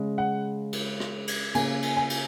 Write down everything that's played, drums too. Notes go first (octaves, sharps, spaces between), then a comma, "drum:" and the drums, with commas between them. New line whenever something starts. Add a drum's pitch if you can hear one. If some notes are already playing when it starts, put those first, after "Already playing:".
Already playing: C#3 G#3
F#5
drum: cymbal
drum: rim click
drum: cymbal
C#3 A#3 G#5, drum: cymbal
drum: cymbal
G#5
drum: cymbal